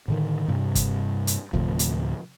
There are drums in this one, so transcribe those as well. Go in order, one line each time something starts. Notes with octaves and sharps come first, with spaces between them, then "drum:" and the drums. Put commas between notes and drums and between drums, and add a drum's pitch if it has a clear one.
A2 D3 D#3
G2 C3 C4
drum: kick, hi-hat
drum: hi-hat
D2 A2 C3 F3, drum: kick
drum: hi-hat